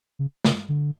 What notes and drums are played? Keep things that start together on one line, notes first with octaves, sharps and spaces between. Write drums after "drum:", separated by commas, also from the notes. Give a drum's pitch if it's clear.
C#3
C#3, drum: snare
D3